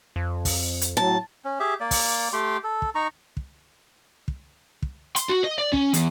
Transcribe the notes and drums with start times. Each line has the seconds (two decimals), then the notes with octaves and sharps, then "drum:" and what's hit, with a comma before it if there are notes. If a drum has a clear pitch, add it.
0.16 F2
0.45 drum: kick, open hi-hat
0.81 drum: hi-hat
0.97 A2 F#3 A5
1.44 C#4
1.60 G4 G#4 E5
1.80 A#3 D5
1.91 drum: kick, open hi-hat
2.33 A3 G4 G5 C6
2.64 A4
2.82 drum: kick
2.95 D#4 A#5 C#6
3.37 drum: kick
4.28 drum: kick
4.82 drum: kick
5.16 C6, drum: hi-hat
5.29 F#4
5.44 D#5
5.59 D5
5.73 C#4, drum: kick
5.94 E2, drum: hi-hat